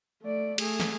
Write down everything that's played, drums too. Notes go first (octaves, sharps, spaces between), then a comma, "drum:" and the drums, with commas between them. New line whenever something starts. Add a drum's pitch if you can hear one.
A3 D5
A3 G#4, drum: cymbal
drum: snare